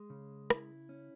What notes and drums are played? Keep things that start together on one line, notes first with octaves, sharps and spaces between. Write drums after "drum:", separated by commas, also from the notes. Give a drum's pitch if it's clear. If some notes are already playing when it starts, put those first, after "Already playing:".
Already playing: G#3
C#3
E4, drum: rim click
C#4